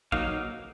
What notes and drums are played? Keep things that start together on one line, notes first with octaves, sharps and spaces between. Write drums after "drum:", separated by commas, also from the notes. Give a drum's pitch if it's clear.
F#3 A#3 D#4 F5, drum: kick